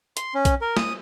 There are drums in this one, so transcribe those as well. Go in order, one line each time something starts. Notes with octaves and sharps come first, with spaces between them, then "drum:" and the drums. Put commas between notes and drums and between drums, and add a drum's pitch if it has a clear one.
C6, drum: hi-hat
C#4
drum: kick B1, hi-hat
A#4
D#6, drum: snare